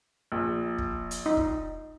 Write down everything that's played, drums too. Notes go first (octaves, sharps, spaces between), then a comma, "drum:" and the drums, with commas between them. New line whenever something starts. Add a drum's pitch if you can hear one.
A#1
drum: kick
drum: hi-hat
D#4
drum: kick